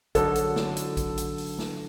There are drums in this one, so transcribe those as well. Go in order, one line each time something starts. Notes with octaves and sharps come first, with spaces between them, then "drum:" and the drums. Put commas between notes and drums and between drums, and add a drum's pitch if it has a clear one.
D3 F#3 D#4 A4, drum: kick A#1, hi-hat
drum: hi-hat
drum: snare
drum: hi-hat
drum: kick A#1, hi-hat
drum: hi-hat
drum: open hi-hat
drum: snare